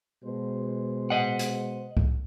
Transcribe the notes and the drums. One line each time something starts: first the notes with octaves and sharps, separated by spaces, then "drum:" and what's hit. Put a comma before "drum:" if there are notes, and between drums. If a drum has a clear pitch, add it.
B2 G#3 C5
D#5 F#5
drum: hi-hat
drum: kick C2